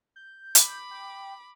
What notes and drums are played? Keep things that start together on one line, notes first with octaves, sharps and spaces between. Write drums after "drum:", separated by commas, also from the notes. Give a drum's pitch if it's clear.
G6
B5 D6, drum: hi-hat
G5